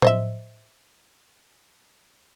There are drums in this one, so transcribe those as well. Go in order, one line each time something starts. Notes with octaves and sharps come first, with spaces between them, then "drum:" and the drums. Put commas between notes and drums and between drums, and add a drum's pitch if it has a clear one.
C5 D#5 E5, drum: tom A2